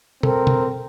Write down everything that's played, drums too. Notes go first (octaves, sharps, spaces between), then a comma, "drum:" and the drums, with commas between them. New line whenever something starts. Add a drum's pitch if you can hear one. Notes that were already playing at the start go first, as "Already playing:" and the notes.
C4 A4 A#4, drum: tom B2
drum: tom B2